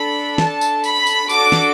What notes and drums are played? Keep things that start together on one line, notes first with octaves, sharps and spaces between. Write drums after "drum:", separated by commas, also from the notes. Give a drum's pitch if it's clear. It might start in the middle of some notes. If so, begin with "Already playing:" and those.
Already playing: D4 A4 B5
A5, drum: snare
drum: tambourine
B5, drum: tambourine
drum: tambourine
D4 F#4 A4 D6, drum: tambourine
drum: snare